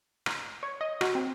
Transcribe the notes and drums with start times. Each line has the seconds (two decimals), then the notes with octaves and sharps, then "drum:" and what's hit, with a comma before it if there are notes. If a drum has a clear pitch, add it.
0.26 drum: rim click
0.63 C#5
0.81 D#5
1.01 F#4, drum: rim click
1.15 C4